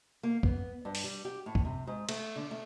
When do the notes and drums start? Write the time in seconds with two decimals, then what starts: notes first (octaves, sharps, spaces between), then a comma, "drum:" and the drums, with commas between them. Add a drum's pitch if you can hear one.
0.23 A#3
0.43 B3, drum: kick
0.85 G2
0.95 drum: open hi-hat
1.04 G3
1.25 G4
1.46 A2
1.55 drum: kick
1.65 C3
1.87 G#2
2.09 A3, drum: cymbal
2.36 D3
2.51 A3